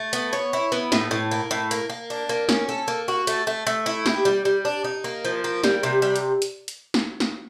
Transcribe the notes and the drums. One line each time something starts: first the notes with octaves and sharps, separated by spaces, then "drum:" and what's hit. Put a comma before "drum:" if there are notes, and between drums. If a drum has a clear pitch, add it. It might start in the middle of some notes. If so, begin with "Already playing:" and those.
Already playing: A3
B3, drum: hi-hat
C#5
E4
B3
A2, drum: snare
A2
A#3
A2
A#3, drum: hi-hat
A#3
D4
A#3
C#4, drum: snare
A4
A#3
F#4
A3, drum: hi-hat
A3
A3
E4
G4, drum: snare
G3
G3
D4
D#4
A#3
F3
A#3
G3, drum: snare
C3
G3
drum: hi-hat
drum: hi-hat
drum: hi-hat
drum: snare
drum: snare